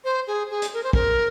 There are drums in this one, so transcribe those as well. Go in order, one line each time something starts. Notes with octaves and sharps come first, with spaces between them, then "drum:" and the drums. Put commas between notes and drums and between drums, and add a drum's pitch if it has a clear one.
C5
G#4
G#4
drum: hi-hat
A#4
C5
A#4, drum: kick